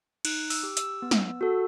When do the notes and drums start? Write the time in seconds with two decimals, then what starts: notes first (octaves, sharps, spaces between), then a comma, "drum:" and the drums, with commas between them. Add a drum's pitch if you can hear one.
0.25 D#4 F#6, drum: cymbal
0.50 E6, drum: open hi-hat
0.63 G4
0.77 E6, drum: hi-hat
1.02 B3
1.11 drum: snare
1.41 F#4 A4